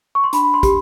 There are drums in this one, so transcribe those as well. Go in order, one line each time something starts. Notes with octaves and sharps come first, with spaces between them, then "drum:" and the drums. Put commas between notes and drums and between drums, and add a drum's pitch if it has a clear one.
C#6
C6
D4 B5, drum: hi-hat
C6
G4, drum: kick, hi-hat